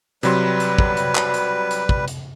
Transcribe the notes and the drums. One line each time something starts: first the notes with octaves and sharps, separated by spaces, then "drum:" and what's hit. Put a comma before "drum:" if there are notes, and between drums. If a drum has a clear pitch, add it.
C3 F#3 G3 B4 C6, drum: hi-hat
drum: hi-hat
drum: kick
drum: hi-hat
drum: clap
drum: hi-hat
drum: hi-hat
drum: kick
drum: hi-hat